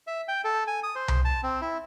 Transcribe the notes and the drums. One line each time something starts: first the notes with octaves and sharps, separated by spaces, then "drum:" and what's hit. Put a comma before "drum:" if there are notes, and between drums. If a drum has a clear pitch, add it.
E5
G5
A4
G#5
D#6
C5
drum: tom C2
A5
C4
E4